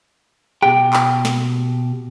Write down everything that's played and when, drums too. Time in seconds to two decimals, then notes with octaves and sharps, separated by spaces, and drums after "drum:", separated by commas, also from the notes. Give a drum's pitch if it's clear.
0.63 B2 G4 G5, drum: rim click
0.93 drum: clap
1.25 drum: snare